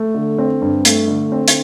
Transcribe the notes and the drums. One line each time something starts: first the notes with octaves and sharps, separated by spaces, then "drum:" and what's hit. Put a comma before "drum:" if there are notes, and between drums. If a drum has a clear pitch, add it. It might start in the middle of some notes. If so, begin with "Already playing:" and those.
Already playing: A3
D3
C4
G2
A3, drum: hi-hat
D3
C4
drum: hi-hat